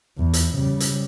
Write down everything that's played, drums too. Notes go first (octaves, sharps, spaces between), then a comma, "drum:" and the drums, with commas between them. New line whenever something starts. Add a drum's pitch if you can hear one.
E2
drum: hi-hat
C#3 G3
drum: hi-hat